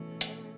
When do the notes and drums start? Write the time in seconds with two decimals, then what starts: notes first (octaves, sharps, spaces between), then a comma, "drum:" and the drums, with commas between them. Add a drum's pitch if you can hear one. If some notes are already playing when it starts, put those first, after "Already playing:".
Already playing: B2 E3 A3 C#4
0.21 drum: hi-hat